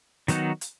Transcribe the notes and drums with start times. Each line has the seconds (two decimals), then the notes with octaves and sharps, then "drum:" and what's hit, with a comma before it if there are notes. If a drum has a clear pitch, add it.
0.28 D#3 F#3 B3 D#4 F#4, drum: hi-hat
0.61 drum: hi-hat